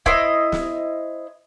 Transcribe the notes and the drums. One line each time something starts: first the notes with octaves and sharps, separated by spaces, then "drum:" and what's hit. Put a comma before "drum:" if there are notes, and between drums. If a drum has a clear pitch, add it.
E4 C5 D#5, drum: kick D#1
drum: snare